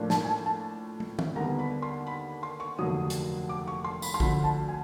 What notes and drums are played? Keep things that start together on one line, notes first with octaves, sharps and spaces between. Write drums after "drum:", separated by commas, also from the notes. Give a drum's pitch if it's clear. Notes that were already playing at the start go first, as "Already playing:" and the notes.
Already playing: A2 F3 A#3 D4 F4
A5, drum: snare
G#5
A5
A5
drum: tom
drum: tom
D#2 D3 G3 B3 A#5
B5
C6
B5
C6
C#6
F1 D#2 D3 F#3 D#6
drum: hi-hat
D6
C#6
C6
B5, drum: tambourine
C6
D2 D3 F3 B5, drum: kick
A5
G#5